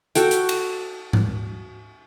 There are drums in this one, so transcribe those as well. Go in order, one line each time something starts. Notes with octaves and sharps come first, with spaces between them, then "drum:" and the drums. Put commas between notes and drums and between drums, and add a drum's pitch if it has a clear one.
F#4 A4 G5, drum: hi-hat
drum: hi-hat
drum: cymbal
drum: tom G#2